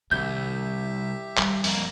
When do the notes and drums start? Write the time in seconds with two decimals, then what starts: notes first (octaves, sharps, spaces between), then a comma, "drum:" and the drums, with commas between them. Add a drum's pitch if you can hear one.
0.11 C2 D#3 C4 G4 E5 G6
1.38 D#3 G3, drum: clap
1.64 F2 A#3, drum: open hi-hat